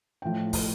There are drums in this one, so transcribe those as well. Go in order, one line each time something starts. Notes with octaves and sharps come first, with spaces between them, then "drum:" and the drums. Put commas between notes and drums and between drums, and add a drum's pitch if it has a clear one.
A2 F3 G5
drum: kick, open hi-hat